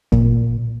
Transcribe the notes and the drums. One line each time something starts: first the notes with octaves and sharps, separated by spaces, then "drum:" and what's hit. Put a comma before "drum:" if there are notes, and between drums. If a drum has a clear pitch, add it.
A#2, drum: kick